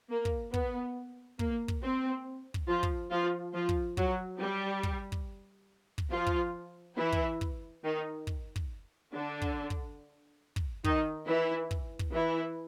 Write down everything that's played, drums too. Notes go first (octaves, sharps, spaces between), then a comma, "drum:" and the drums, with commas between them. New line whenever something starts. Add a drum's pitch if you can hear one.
A#3
drum: kick
B3, drum: kick
A#3, drum: kick
drum: kick
C4
drum: kick
F3 F4
drum: kick
F3 F4
F3 F4
drum: kick
F#3 F#4, drum: kick
G3 G4
drum: kick
drum: kick
drum: kick
F3 F4
drum: kick
E3 E4
drum: kick
drum: kick
D#3 D#4
drum: kick
drum: kick
D3 D4
drum: kick
drum: kick
drum: kick
D#3 D#4, drum: kick
E3 E4
drum: kick
drum: kick
E3 E4